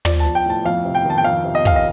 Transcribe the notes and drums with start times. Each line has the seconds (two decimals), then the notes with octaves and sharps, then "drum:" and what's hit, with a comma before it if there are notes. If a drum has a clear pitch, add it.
0.05 F3 D5, drum: tom
0.20 A5
0.25 F3
0.35 G5
0.46 A2 A5
0.65 F2 F5
0.85 C3
0.95 G5
1.05 D#3 A5
1.18 G5
1.24 F2 F5
1.45 C3
1.55 D#5
1.65 D#3 F5, drum: kick
1.76 D#5